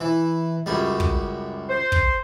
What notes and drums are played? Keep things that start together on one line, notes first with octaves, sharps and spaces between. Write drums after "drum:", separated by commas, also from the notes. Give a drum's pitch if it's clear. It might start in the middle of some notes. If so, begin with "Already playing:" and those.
E3
C#2 F#2 G3
drum: kick
C5
drum: kick